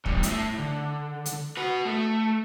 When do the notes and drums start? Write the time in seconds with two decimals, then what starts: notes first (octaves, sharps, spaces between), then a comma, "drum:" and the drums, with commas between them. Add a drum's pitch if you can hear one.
0.06 E2 G3, drum: kick
0.23 A2 E4, drum: hi-hat
0.58 D3
1.26 drum: hi-hat
1.57 F#4 B4
1.85 A3